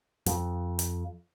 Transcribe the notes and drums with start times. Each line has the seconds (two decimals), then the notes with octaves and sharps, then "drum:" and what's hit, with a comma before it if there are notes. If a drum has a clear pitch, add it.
0.26 F2, drum: hi-hat
0.79 drum: hi-hat